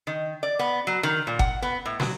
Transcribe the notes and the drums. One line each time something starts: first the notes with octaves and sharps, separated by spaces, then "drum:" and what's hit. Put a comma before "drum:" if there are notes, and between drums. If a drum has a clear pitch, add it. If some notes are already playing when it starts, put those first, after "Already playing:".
D#3
D5
B3
F#3
D#3
A#2
F#5, drum: kick G1
B3
A2
F#3, drum: snare